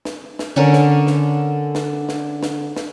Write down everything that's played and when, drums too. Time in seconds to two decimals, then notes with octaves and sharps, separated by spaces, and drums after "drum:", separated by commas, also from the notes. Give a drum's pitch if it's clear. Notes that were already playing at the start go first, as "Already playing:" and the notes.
0.05 drum: snare
0.39 drum: snare
0.56 D3 C#4 A#4
0.73 drum: snare
1.07 drum: snare
1.75 drum: snare
2.09 drum: snare
2.43 drum: snare
2.76 drum: snare